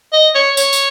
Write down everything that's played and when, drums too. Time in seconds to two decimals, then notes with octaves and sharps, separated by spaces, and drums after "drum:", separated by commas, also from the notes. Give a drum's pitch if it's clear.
0.13 D#5
0.35 C#5
0.57 C#5, drum: tambourine
0.73 drum: tambourine